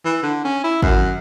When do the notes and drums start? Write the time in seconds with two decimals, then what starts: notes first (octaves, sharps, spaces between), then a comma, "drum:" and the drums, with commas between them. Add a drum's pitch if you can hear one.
0.05 E3
0.23 D3
0.44 C#4
0.64 E4
0.82 F#2, drum: kick